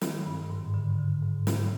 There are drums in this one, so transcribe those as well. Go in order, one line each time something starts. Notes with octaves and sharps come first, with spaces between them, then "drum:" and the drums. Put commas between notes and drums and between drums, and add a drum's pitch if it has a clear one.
D#3, drum: snare
G2
G#2
D3
D3
G#2
C3, drum: snare